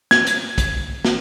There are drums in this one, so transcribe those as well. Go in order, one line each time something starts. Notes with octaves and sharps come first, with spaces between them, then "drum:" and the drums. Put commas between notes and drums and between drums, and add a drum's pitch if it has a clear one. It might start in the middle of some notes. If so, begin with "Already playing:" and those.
G#6, drum: snare
drum: hi-hat
drum: kick, hi-hat
drum: snare